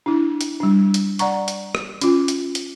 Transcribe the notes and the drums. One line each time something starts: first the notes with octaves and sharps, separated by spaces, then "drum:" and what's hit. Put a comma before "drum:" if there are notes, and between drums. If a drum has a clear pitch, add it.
D4 E4
drum: hi-hat
G3 D4
drum: hi-hat
D5 F#5 A#5 C#6, drum: hi-hat
drum: hi-hat
drum: rim click
C#4 F4, drum: hi-hat
drum: hi-hat
drum: hi-hat